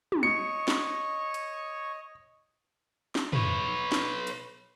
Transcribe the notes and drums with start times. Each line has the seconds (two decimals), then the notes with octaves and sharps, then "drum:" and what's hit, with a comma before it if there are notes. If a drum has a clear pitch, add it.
0.12 drum: tom
0.23 C#5 D#5 C#6 C#7
0.68 drum: snare
1.34 drum: hi-hat
3.15 drum: snare
3.33 B4 C#5, drum: tom
3.92 drum: snare
4.27 drum: hi-hat